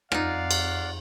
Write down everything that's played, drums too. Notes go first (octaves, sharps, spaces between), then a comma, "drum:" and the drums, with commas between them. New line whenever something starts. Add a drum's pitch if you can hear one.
F2 D#4 F4 D5 F5 F#5, drum: rim click
drum: cymbal